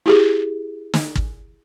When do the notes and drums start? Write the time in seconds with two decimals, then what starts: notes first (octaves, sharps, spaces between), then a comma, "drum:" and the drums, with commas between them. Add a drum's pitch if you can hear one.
0.06 E4 G4 G#4
0.94 drum: snare
1.15 drum: kick